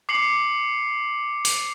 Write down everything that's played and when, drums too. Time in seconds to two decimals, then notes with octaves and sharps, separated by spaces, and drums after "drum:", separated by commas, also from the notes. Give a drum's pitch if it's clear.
0.09 D6 C7 C#7 F#7
1.45 drum: open hi-hat